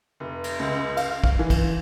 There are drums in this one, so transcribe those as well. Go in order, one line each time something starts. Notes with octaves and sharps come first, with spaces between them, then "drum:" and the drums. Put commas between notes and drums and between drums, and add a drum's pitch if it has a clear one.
F1
drum: cymbal
C#2
F5, drum: cymbal
drum: kick
E3
drum: kick, cymbal